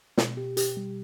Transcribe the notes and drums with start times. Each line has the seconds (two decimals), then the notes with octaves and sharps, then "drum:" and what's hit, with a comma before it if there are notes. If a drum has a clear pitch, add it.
0.17 B2, drum: snare
0.37 G4
0.57 G4, drum: hi-hat
0.77 G3